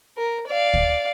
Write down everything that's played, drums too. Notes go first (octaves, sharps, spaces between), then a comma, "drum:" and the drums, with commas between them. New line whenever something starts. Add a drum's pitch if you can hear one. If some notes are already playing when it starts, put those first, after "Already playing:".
A#4
D5 F5
drum: kick